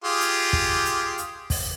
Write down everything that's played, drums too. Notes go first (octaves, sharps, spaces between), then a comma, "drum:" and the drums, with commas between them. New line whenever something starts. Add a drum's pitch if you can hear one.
F4 G4 G#4
drum: hi-hat
drum: kick
drum: hi-hat
drum: hi-hat
drum: kick, open hi-hat